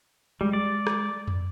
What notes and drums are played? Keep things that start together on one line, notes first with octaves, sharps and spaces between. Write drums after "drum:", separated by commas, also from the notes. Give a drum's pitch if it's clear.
G3 G#3
D5
drum: rim click
drum: tom F2